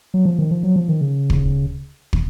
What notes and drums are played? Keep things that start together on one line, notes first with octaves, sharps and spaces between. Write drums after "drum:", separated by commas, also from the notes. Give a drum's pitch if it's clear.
F#3
F3
D#3
F3
F#3
F3
D#3
C#3
drum: kick
drum: kick